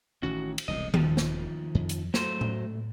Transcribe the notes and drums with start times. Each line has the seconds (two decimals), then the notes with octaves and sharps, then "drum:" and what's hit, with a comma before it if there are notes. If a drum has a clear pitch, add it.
0.23 A1 D#3 C#4 F#4
0.58 drum: cymbal
0.68 E1 C2 A2 D#5
0.94 D#1 D#3 F3, drum: tom D#3
1.17 drum: snare
1.75 F2
1.89 drum: hi-hat
2.14 F#3 A3 C5, drum: snare
2.41 drum: tom A2